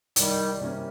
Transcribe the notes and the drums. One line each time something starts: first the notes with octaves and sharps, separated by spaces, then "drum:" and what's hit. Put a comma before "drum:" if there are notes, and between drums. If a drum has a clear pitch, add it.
C2 D#3 G3, drum: hi-hat
C3 G3 A#3 C#4